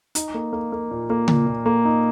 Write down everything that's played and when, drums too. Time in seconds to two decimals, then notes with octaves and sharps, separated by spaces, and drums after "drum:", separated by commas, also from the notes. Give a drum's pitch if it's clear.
0.15 D#4, drum: hi-hat
0.34 A#3
0.53 A#3
0.72 A#3
0.91 A#2
1.10 A#3
1.28 A#2, drum: tom C#3
1.46 A#2
1.66 A#3
1.85 D#4